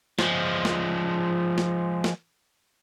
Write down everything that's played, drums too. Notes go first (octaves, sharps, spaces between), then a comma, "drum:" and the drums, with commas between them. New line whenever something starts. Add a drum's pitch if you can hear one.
F3 G#3, drum: snare
drum: snare
drum: snare
drum: snare